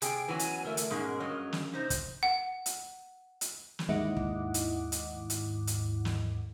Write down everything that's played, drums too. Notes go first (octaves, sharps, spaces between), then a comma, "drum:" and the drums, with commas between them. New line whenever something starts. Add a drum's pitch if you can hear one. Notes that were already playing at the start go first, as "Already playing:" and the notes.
C3 G#4 G5, drum: hi-hat
E3 F#3 B3 C#4 F#4 G#5
drum: hi-hat
D3 A3 A#4 E5
drum: hi-hat
G#2 B2 G#3 A#3 C#4 G#4
G2 F#3 D#5
drum: snare
C3 D#4 C5
drum: kick, hi-hat
F#5
drum: hi-hat
drum: hi-hat
drum: snare
D#2 G#2 E4 D#5 F#5 D6
drum: kick
drum: hi-hat
drum: hi-hat
drum: hi-hat
drum: hi-hat
drum: snare